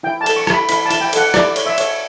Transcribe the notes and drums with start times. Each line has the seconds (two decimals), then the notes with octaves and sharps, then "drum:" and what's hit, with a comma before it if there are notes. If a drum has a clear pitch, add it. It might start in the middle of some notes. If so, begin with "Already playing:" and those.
0.03 E4 G5
0.21 A5
0.26 A4, drum: cymbal
0.36 C#6
0.47 E4, drum: rim click
0.53 B5
0.69 E4 B5, drum: cymbal
0.85 A5
0.91 E4, drum: cymbal
1.01 G5
1.13 A4 F#5, drum: cymbal
1.34 E4 D5, drum: rim click
1.56 C#5, drum: cymbal
1.66 E5
1.78 C#5, drum: cymbal